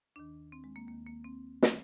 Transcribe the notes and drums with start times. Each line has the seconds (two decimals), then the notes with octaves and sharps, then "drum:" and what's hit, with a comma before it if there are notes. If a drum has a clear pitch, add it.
0.16 D#2 D#3 D4
0.52 C4
0.64 G#3
0.76 A#3
0.88 D#2 D#3 A#3
1.07 A#3
1.24 C4
1.63 D#3, drum: snare